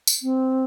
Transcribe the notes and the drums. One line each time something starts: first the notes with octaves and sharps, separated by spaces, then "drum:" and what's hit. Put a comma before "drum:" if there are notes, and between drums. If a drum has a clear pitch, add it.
drum: tambourine
C4